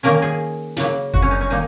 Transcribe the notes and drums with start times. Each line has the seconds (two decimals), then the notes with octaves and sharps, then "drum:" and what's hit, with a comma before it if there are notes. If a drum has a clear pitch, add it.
0.03 D#3 A#3 C#4 A#4
0.22 G#4
0.77 C#3 F#3 A#3, drum: snare
1.14 F#4, drum: kick F#1
1.22 C#4
1.31 D#4
1.41 C#4
1.50 D#3 A#3 D#4